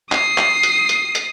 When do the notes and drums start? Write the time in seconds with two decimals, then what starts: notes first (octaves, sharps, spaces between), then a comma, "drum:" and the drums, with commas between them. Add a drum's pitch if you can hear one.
0.12 D#6 C7, drum: clap
0.38 drum: clap
0.63 drum: hi-hat
0.89 drum: hi-hat
1.15 drum: hi-hat